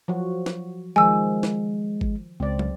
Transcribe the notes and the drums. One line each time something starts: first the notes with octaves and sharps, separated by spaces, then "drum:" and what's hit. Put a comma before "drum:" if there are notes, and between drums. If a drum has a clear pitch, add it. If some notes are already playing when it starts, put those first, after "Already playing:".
F3 F#3 F#4
drum: snare
D#3 F3 G#3 G#5 E6
drum: snare
drum: kick G#1
C#2 C4 D5
drum: tom